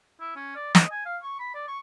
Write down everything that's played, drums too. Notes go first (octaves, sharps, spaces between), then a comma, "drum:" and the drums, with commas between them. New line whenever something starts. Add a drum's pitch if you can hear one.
E4
C#4
D5
D#5, drum: snare
G#5
F5
C#6
B5
D5
C#6